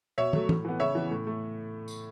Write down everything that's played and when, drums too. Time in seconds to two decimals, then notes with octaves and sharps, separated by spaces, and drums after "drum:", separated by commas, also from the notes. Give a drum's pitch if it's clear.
0.18 B2 C#5 E5
0.33 F#3 A3, drum: tom
0.49 A2, drum: tom
0.65 E3 B3
0.80 C#3 C#5 E5
0.95 E3 B3
1.11 A2
1.27 A3
1.88 drum: tambourine